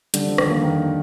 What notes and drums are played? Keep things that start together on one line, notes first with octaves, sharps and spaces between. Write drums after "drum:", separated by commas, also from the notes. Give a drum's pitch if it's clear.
D3 G3, drum: hi-hat
F3
D#3, drum: rim click
A#3
D#3